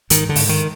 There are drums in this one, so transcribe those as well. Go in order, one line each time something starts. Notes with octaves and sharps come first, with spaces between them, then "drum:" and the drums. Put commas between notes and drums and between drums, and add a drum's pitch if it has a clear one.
G#2 D#3, drum: hi-hat
D3
G#2, drum: open hi-hat
D#3